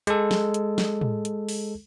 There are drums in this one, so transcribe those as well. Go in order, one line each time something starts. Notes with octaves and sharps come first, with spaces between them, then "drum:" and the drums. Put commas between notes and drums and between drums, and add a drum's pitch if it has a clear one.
G#3 A4, drum: hi-hat
drum: snare
drum: hi-hat
drum: snare
drum: tom A2
drum: hi-hat
drum: open hi-hat